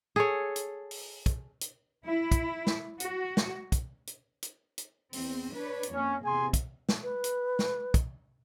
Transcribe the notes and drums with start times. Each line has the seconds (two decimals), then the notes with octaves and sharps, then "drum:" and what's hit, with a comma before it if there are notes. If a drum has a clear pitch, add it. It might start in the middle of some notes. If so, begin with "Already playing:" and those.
0.16 G#4 A4 C#5
0.56 drum: hi-hat
0.91 drum: open hi-hat
1.26 drum: kick, hi-hat
1.61 drum: hi-hat
2.05 E4
2.32 drum: kick, hi-hat
2.67 drum: snare
3.00 F#4, drum: hi-hat
3.37 drum: snare
3.72 drum: kick, hi-hat
4.07 drum: hi-hat
4.42 drum: hi-hat
4.78 drum: hi-hat
5.13 E2 C4, drum: open hi-hat
5.54 D4 B4 C#5
5.83 drum: hi-hat
5.92 F2 A#3 C#4
6.25 E2 C3 G#4 G#5 C6
6.53 drum: kick, hi-hat
6.89 drum: snare
7.03 B4
7.24 drum: hi-hat
7.59 drum: snare
7.94 drum: kick, hi-hat